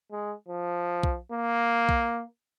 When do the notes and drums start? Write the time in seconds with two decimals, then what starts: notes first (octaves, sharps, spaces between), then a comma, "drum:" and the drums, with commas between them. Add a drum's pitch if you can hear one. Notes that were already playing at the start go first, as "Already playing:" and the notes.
0.12 G#3
0.48 F3
1.03 drum: kick
1.32 A#3
1.89 drum: kick